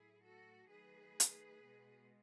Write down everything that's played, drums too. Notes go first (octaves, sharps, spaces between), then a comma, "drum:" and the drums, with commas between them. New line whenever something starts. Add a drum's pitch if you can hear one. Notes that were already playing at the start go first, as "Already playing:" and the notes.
Already playing: A2 F#3 A3 E4 G#4
F#4 A4
D#3 F#3 A3 G#4 B4
drum: hi-hat
B2 G#3